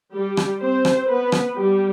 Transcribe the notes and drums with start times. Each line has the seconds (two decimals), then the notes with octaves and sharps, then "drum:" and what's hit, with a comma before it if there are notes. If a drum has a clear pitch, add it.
0.14 G3 G4
0.37 drum: rim click
0.61 C4 C5
0.85 drum: rim click
1.08 B3 B4
1.32 drum: rim click
1.56 G3 G4